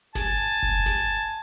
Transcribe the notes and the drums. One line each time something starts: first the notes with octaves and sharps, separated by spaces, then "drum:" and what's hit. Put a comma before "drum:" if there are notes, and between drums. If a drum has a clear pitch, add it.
G#5 A5, drum: snare G1
drum: kick F#1
drum: snare G1